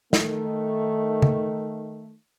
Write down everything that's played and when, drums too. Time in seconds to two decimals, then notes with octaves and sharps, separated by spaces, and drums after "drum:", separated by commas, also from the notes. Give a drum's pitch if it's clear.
0.13 D#3 A3, drum: snare
1.22 drum: tom C#3